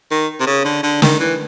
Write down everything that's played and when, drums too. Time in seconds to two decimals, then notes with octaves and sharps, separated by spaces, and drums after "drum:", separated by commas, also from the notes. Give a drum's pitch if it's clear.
0.11 D#3
0.40 C3
0.46 C#3
0.65 D3
0.83 D3
1.02 D#3, drum: snare
1.20 E3